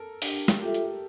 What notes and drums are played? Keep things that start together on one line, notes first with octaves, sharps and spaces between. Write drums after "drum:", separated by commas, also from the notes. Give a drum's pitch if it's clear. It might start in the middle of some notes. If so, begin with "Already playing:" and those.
Already playing: A4 A#4
D4 G4, drum: open hi-hat
drum: snare
F4 G4 A4 E5
drum: hi-hat